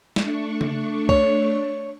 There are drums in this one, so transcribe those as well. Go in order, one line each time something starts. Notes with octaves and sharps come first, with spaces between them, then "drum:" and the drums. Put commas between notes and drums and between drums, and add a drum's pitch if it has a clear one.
A3 D4 C#6, drum: snare
drum: tom C#3
C#5, drum: kick C2